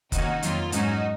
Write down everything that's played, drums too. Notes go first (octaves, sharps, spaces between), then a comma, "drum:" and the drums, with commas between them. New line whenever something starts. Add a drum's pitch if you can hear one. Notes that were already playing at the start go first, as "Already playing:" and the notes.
C3 D#3 A#3 C#4 D#4 F#4, drum: kick F1, hi-hat
F2 D#3 F#3 A#3 F4, drum: hi-hat
G#2 F#3 C#4 D#4 F#4, drum: hi-hat